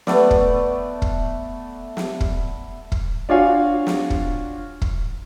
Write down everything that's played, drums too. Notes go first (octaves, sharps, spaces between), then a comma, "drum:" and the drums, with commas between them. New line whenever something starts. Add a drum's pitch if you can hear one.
A3 B3 D5, drum: snare
drum: kick
drum: kick
drum: snare
drum: kick
drum: kick
D4 F4 F#4 C#5 F5 G#5
drum: snare
drum: kick
drum: kick